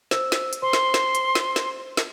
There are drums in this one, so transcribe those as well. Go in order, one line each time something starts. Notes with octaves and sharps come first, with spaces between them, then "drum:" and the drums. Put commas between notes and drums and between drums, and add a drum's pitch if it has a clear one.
C5 E6, drum: snare
drum: snare
drum: hi-hat
C5 C6
drum: snare
drum: snare
drum: hi-hat
drum: snare
drum: snare
drum: snare